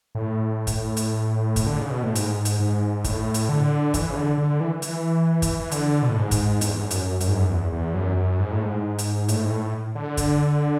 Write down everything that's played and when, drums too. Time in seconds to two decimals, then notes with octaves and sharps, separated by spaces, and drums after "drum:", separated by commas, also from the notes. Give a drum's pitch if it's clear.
0.15 A2
0.67 drum: kick, hi-hat
0.97 drum: hi-hat
1.56 drum: kick, hi-hat
1.66 D3
1.79 C#3
1.91 B2
2.03 A2
2.15 G#2, drum: hi-hat
2.45 drum: hi-hat
2.60 G#2
3.04 A2, drum: kick, hi-hat
3.34 drum: hi-hat
3.49 D3
3.94 E3, drum: kick, hi-hat
4.10 C#3
4.16 D3
4.38 D3
4.60 E3
4.82 E3, drum: hi-hat
5.42 drum: kick, hi-hat
5.60 E3
5.71 D3, drum: hi-hat
6.02 B2
6.09 A2
6.17 G#2
6.31 drum: kick, hi-hat
6.61 E2, drum: hi-hat
6.79 G#2
6.91 F#2, drum: hi-hat
7.20 F#2, drum: hi-hat
7.28 G#2
7.36 F#2
7.50 E2
7.72 E2
7.94 F#2
8.17 F#2
8.39 G#2
8.52 A2
8.63 G#2
8.98 drum: hi-hat
9.28 A2, drum: hi-hat
9.45 G#2
9.50 A2
9.95 D3
10.17 drum: kick, hi-hat